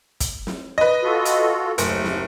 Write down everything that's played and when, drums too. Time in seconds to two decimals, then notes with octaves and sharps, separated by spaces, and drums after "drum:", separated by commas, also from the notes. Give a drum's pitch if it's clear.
0.20 drum: kick, hi-hat
0.47 drum: snare
0.78 B4 D#5
1.03 F4 F#4 A4
1.26 drum: hi-hat
1.78 F#1 D#2 A3, drum: hi-hat
2.04 drum: snare